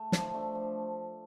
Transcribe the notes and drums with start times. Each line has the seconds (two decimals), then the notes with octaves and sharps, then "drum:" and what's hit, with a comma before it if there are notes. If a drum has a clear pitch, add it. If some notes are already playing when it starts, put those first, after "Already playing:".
Already playing: A3
0.12 F3, drum: snare
0.34 A3 D4
0.55 F3